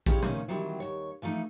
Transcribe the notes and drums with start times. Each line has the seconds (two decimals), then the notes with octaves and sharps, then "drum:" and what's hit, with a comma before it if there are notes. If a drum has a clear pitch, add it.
0.06 G#3 C#4 E4 F4 G4, drum: kick
0.22 A#2 D#3 F3 A3 B3 C#4, drum: tom
0.48 D#3 E3 F#3 G3 C4
0.80 D#2 C#5
1.22 E3 F3 A3 D#4